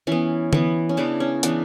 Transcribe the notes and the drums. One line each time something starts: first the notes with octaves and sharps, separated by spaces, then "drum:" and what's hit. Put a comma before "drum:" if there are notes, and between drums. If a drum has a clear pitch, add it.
E3 B3 C#4
E3 B3, drum: tom
C#4
C#3 E3 B3 D4
C#4
C#3 E3 B3 D4, drum: hi-hat